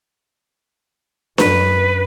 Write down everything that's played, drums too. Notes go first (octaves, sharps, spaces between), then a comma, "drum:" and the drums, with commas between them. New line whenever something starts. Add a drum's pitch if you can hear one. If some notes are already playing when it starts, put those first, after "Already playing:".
F#2 B4, drum: snare D4